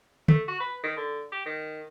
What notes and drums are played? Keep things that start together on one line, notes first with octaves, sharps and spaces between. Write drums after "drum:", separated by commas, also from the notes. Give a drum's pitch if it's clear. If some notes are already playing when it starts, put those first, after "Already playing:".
A3, drum: tom D3
F#4
B4
D#3
D3
G4
D#3